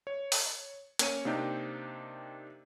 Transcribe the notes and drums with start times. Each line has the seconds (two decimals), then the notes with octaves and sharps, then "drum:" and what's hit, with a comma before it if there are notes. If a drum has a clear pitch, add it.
0.07 C#5
0.32 drum: open hi-hat
0.99 A#3 C#4 C#5 D#7, drum: hi-hat
1.25 C3 A#3 C4 D4 D#4 G4